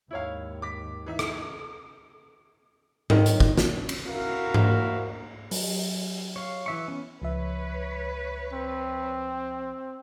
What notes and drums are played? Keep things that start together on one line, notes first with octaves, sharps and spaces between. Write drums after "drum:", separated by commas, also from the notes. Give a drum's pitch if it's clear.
D#2 G#2 E4 C#5 F5
D6 B6
E3 D#4 E5
drum: rim click
D#3, drum: tom G#2
drum: hi-hat
drum: kick
drum: snare
drum: cymbal
E4 F#4 A#4 E5 F5
drum: tom G#2
F#3, drum: open hi-hat
C#5 F5
E3 E5 C#6
B3 C#4
C#2 F3 B4 C#5 E5
C4